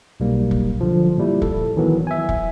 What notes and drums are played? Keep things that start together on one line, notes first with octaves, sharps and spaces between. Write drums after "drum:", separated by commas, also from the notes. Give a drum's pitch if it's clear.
B1 G3 A#3
drum: kick
D3 F3
A#2 G3 E4
A4, drum: kick
D#3 E3 F#3 B3
E5 G#5
drum: kick